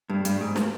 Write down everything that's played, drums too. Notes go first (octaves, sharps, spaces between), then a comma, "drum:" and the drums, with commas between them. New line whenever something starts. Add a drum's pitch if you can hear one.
G2
G2, drum: hi-hat
G#2
drum: snare